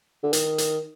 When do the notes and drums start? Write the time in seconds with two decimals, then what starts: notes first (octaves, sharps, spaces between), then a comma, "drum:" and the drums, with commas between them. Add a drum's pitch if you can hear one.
0.23 D3
0.33 D#3, drum: hi-hat
0.58 drum: hi-hat